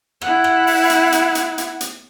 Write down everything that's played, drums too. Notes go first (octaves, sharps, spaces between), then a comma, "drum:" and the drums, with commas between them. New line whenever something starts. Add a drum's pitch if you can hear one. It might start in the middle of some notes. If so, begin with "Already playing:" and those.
E4 F#5, drum: rim click
drum: rim click
drum: open hi-hat
drum: hi-hat
drum: hi-hat
drum: hi-hat
drum: hi-hat
drum: hi-hat